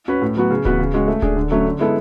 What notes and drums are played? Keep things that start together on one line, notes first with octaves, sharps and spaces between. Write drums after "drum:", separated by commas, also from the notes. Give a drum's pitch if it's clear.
C#4 F#4 B4
A2
F#3 B3 F#4
C#3
E3 B3 F#4 B4, drum: kick D1
C#3
G#3 C#4 F#4
A3
D4 G#4, drum: kick D1
D3
F#3 A3 C#4
D3
G#3 B3 E4 A4